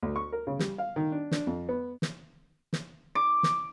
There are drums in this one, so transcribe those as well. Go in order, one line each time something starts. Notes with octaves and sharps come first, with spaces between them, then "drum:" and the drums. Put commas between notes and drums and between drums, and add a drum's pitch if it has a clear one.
D2
C#6
A#4
C#3
G3, drum: snare
F5
D#3
D4
D4, drum: snare
F2
B3
drum: snare
drum: snare
D6
drum: snare